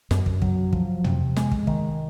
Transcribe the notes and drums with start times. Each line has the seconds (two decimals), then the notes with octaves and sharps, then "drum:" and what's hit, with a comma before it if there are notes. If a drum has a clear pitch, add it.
0.11 F#2, drum: snare
0.26 drum: kick
0.42 F#3, drum: kick
0.73 F3, drum: kick
1.04 C3, drum: tom
1.36 G#3, drum: snare
1.52 drum: kick
1.67 D#3, drum: kick